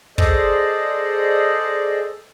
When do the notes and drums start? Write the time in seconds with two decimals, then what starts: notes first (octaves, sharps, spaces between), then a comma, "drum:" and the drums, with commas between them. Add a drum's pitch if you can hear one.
0.18 G#4 A4 C5 D5 D#5, drum: kick